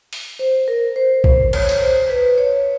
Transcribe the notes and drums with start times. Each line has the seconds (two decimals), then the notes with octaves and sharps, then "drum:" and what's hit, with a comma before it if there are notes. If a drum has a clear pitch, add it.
0.13 drum: open hi-hat
0.39 C5
0.68 A#4
0.96 C5
1.24 C5, drum: kick
1.53 C#5, drum: cymbal
1.69 drum: tambourine
1.81 C5
2.09 B4
2.38 C#5